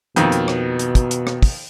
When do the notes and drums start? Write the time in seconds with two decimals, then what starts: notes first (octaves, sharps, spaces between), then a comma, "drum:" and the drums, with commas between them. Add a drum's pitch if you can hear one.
0.16 F2 B2 D#3 A#3, drum: hi-hat
0.32 drum: hi-hat
0.48 drum: rim click
0.79 drum: hi-hat
0.95 drum: kick, hi-hat
1.11 drum: hi-hat
1.27 drum: rim click
1.42 drum: kick, open hi-hat